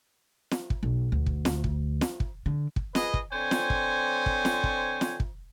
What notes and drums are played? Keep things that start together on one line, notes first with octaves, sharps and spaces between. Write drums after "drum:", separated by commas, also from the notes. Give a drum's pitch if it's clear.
drum: snare
drum: kick
B1
D2
drum: kick
drum: snare
drum: kick
drum: snare
drum: kick
D3
drum: kick
G#4 B4 D#5, drum: snare
drum: kick
D3 C4 C5 C#5 G#5
drum: snare
drum: kick
drum: kick
drum: snare
drum: kick
drum: snare
drum: kick